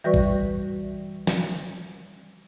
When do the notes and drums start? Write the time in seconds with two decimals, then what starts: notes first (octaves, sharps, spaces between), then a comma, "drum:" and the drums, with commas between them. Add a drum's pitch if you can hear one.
0.04 E3 G3 F#4 B4 D5 C#6
0.14 drum: kick
1.27 drum: snare